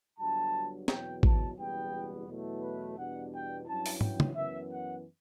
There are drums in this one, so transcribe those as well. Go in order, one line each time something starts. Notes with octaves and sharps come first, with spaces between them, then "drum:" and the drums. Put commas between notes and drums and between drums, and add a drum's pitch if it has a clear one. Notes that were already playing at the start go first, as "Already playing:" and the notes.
G1 G2 F#3 A5
E2 B2 F#3 G5, drum: snare
A5, drum: kick
F#1 E2 B2 G3 B3 G5
E2 B2 F#3 A3 E4
B4
E2 B2 G3 D4 F#5
G5
G2 F#3 C#4 E4 A5
drum: open hi-hat
G5, drum: tom
drum: tom
F#2 E3 B3 E5
F#5